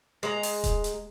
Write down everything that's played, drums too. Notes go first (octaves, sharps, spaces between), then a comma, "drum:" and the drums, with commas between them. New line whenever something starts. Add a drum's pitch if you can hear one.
G#3 A#5
drum: open hi-hat
drum: kick D#1, hi-hat
drum: hi-hat